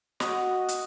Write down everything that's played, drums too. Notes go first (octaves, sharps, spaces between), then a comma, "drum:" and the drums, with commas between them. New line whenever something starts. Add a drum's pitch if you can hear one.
F#4 D#5, drum: snare
drum: hi-hat